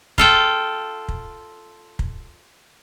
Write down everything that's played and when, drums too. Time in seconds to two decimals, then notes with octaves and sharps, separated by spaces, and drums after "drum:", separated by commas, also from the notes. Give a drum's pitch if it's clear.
0.18 F4 A4 G5, drum: kick
1.08 drum: kick
1.99 drum: kick